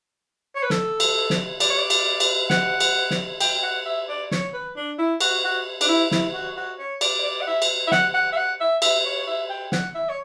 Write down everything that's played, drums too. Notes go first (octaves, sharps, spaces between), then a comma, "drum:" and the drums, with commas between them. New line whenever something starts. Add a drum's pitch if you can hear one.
C#5
B4
A4, drum: snare
drum: cymbal
drum: snare
D5, drum: cymbal
C#5
D5
drum: cymbal
drum: cymbal
F#5, drum: snare
drum: cymbal
drum: snare
G5, drum: cymbal
F#5
E5
D5
C#5, drum: snare
B4
D4
E4
F#4, drum: cymbal
F#4
D4, drum: cymbal
E4
E4, drum: snare
F#4
F#4
C#5
D5, drum: cymbal
D5
F#5
E5
drum: cymbal
E5
F#5, drum: snare
F#5
E5
F#5
E5
E5, drum: cymbal
C#5
E5
G5
F#5, drum: snare
E5
C#5